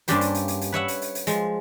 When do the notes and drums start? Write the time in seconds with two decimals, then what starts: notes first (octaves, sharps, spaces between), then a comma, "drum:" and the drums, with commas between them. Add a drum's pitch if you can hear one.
0.08 G2 A#3 C#4 D4 G4 C5, drum: hi-hat
0.21 drum: hi-hat
0.35 drum: hi-hat
0.48 drum: hi-hat
0.61 drum: hi-hat
0.72 B4 C#5 E5 F#5
0.88 drum: hi-hat
1.02 drum: hi-hat
1.15 drum: hi-hat
1.27 F3 G#3, drum: hi-hat